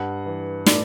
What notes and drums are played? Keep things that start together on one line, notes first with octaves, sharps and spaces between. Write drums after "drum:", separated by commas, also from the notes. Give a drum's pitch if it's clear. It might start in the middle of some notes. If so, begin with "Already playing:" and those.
Already playing: G2 F#5
E3
A2 D5, drum: snare